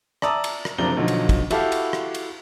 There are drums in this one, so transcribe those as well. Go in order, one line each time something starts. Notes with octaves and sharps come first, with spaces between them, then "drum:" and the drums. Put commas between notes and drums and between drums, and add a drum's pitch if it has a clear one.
D5 E5 A5 A#5 D#6 E6, drum: rim click
drum: cymbal
drum: rim click
F#1 C3 F3 D4 A#5 G7
B1 D3 F3 F#3
drum: cymbal
drum: kick, cymbal
E4 F#4 G4 A4 E5 F5, drum: cymbal
drum: cymbal
drum: rim click
drum: cymbal